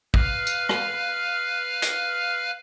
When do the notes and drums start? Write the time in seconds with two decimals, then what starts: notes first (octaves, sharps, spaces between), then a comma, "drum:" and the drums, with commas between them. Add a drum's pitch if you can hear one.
0.14 B4 F5 F6, drum: kick
0.47 drum: tambourine
0.69 drum: rim click
1.82 drum: hi-hat